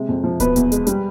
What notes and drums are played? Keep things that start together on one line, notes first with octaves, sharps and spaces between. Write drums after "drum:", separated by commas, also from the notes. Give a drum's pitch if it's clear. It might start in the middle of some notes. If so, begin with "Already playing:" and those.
Already playing: C3 G#3
F2
F3
B2 B4, drum: kick D1, hi-hat
E2, drum: hi-hat
G#3, drum: hi-hat
G3, drum: hi-hat